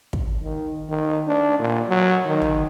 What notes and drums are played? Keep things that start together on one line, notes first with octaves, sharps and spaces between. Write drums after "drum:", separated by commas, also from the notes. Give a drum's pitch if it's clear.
drum: kick
D#3
D#3
D4
A#2
F#3
D#3
drum: tom